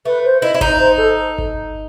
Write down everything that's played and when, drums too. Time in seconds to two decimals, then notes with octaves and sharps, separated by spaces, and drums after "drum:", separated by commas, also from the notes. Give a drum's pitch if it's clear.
0.05 A3 B4
0.25 C5
0.42 E4 D#5
0.54 E4
0.61 D#4 D#5, drum: kick G1
0.79 C5
0.97 A4
1.38 drum: kick G1